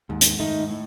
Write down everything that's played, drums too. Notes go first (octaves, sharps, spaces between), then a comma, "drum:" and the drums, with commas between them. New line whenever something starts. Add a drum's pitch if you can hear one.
D#2 G#2
drum: hi-hat
D#3 A3 D#4
G#2
A2